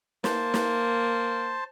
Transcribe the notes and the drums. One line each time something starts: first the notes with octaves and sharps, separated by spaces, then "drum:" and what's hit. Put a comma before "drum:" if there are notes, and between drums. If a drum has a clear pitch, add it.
A#3 C5 A5, drum: snare
drum: snare